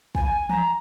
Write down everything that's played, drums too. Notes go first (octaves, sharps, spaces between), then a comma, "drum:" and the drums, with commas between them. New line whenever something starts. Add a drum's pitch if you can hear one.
G#5, drum: kick
A#5, drum: tom E3